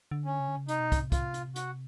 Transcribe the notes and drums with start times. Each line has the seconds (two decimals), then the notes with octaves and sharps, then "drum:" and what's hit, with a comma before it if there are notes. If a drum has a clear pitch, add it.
0.11 D3
0.25 C#4
0.40 C#3
0.48 D3
0.57 C#3
0.68 C3 D#4, drum: hi-hat
0.80 B2
0.92 C3, drum: kick, hi-hat
1.12 F4, drum: kick, hi-hat
1.34 drum: hi-hat
1.56 F#4, drum: hi-hat